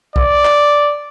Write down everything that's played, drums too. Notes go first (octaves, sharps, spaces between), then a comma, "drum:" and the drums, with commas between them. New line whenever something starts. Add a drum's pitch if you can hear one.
D5, drum: kick B1
drum: clap